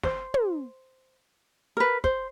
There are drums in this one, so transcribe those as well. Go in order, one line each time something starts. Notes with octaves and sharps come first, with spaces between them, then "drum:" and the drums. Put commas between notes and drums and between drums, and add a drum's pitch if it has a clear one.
C5, drum: snare
drum: tom
A#4 B4
C5, drum: kick